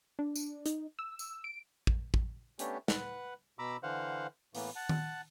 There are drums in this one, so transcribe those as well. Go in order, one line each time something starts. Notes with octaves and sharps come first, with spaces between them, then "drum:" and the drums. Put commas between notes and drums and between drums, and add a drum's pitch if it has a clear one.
D4
drum: tambourine
D#4, drum: hi-hat
E6
drum: tambourine
D7
drum: kick
drum: kick
A3 B3 C#4 D4 G4, drum: hi-hat
B4 F#5, drum: snare
B2 A#5 B5 D6 E6
D3 E3 C5 F5 F#5
A2 E3 A#3 B3, drum: open hi-hat
F#5 A5
drum: tom D#3